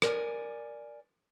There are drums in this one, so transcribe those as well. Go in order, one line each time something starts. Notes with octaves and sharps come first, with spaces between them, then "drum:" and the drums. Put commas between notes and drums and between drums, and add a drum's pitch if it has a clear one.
A#4 D5 G#5, drum: rim click